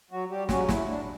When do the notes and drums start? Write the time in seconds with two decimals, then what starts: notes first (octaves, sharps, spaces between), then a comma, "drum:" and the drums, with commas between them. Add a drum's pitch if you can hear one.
0.11 F#3 F#4
0.30 G3 G4
0.49 C#3 F#3 C#4 F#4, drum: snare
0.69 E4, drum: snare
0.87 D4